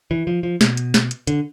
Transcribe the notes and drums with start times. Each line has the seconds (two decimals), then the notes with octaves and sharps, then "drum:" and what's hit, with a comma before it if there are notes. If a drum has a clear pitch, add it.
0.11 E3
0.27 F3
0.43 F3
0.61 B2, drum: snare
0.77 drum: hi-hat
0.94 drum: snare
1.11 drum: hi-hat
1.27 D3, drum: hi-hat